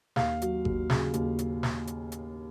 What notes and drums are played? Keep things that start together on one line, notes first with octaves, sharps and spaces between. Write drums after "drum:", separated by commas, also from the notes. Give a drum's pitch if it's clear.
D#2 F5, drum: snare
F#3, drum: hi-hat
D#2, drum: kick G#1
C#3, drum: snare
D#2, drum: hi-hat
drum: hi-hat
drum: snare
drum: hi-hat
drum: hi-hat